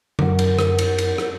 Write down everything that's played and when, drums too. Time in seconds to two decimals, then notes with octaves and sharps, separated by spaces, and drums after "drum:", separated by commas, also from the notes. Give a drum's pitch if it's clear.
0.19 F#2 A#4 F#5, drum: tom D3
0.39 drum: cymbal
0.59 drum: rim click
0.78 drum: cymbal
0.98 drum: cymbal
1.18 drum: rim click